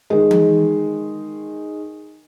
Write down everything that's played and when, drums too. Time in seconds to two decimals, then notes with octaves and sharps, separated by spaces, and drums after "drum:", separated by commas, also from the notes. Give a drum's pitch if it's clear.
0.10 D#3 G#3
0.31 drum: tom E3